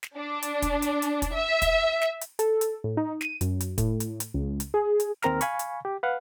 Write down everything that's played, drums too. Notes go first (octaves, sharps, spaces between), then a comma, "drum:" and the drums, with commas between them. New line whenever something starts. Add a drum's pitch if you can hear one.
drum: snare
D4
drum: hi-hat
drum: kick, hi-hat
drum: hi-hat
drum: hi-hat
drum: kick, hi-hat
E5
drum: kick, hi-hat
drum: snare
drum: hi-hat
A4, drum: hi-hat
drum: hi-hat
A2
D#4
D#7, drum: snare
F#2, drum: hi-hat
drum: hi-hat
A2, drum: kick, hi-hat
drum: hi-hat
drum: hi-hat
C#2
drum: hi-hat
G#4
drum: hi-hat
D#2 C4 A#4 A#5 F6, drum: snare
F5 G#5 B5 C#6, drum: hi-hat
drum: hi-hat
G4
B4 F5 F#5